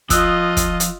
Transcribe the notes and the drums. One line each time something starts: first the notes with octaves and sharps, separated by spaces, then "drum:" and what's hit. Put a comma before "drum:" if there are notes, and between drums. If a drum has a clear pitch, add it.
F3 F4 D#5 D#6 E6 F#6, drum: kick, hi-hat
drum: kick, hi-hat
drum: hi-hat